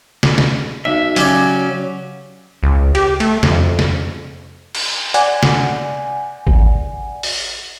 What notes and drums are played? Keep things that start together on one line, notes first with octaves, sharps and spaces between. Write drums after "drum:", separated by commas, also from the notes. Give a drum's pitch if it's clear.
drum: snare
drum: snare
B1 E5
C#3 F#3 C#4 G4 D5, drum: hi-hat
C#2
G4, drum: cymbal
A3, drum: cymbal
F2, drum: snare
drum: snare
drum: cymbal
D5 F#5 G#5, drum: hi-hat
drum: snare
drum: kick G#1
drum: open hi-hat